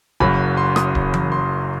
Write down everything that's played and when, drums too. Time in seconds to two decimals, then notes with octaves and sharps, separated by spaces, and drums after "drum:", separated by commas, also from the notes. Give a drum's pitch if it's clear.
0.20 F#1 F#2 F#3 B5, drum: kick D1
0.57 C6
0.76 D#6, drum: rim click
0.95 drum: kick D1
1.14 drum: tom E3
1.32 C6